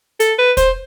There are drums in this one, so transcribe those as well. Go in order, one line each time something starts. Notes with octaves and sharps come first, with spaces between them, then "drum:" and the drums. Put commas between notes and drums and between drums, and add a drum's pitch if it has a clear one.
A4, drum: hi-hat
B4
C5, drum: kick, hi-hat